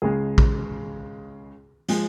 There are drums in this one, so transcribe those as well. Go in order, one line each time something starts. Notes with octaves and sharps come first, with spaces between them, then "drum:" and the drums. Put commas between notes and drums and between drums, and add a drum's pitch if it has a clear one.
C#2 C#3 G#3 G#4
drum: kick A#1
F3 G#3, drum: hi-hat